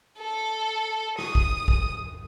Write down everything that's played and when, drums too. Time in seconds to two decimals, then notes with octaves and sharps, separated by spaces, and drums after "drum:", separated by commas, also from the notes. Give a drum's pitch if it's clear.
0.18 A4
1.19 D#6, drum: rim click
1.35 drum: kick
1.68 drum: kick